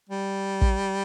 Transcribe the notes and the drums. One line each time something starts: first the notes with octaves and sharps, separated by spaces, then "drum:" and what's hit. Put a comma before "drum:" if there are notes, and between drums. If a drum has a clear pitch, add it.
G3
drum: kick